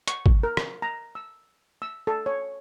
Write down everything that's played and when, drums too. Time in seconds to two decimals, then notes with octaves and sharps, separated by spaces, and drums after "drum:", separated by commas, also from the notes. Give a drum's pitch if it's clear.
0.08 C#6, drum: hi-hat
0.26 drum: kick G#1
0.43 A#4
0.57 drum: rim click
0.82 A#5
1.15 E6
1.82 E6
2.07 A4
2.26 C#5